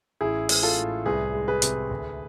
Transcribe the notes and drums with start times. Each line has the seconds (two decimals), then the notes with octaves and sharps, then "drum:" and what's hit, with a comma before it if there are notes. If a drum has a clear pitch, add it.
0.21 A1 E4 G#4
0.49 G#3, drum: open hi-hat
0.63 F4 A4
0.77 A2
1.06 C2 G#4 B4
1.34 G#3
1.48 G#4 B4
1.62 C3, drum: hi-hat
1.90 D2